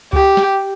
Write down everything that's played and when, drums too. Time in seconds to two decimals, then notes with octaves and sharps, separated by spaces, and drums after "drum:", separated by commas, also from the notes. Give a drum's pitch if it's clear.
0.13 G4, drum: kick C#2
0.37 drum: snare